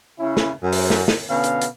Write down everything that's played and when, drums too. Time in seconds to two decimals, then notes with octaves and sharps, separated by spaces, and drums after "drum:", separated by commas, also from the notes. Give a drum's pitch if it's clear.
0.19 C#3 C#4 E4
0.37 drum: snare
0.63 F#2
0.72 drum: open hi-hat
0.90 drum: snare
1.08 drum: snare
1.29 B2 D3 B3 C#4 F5
1.44 drum: hi-hat
1.61 drum: hi-hat